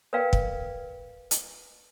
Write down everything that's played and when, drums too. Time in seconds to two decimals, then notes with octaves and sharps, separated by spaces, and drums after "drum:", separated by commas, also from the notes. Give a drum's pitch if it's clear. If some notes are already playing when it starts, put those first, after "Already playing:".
0.13 A#4 B4 D5 F5 G5
0.33 drum: kick
1.31 drum: hi-hat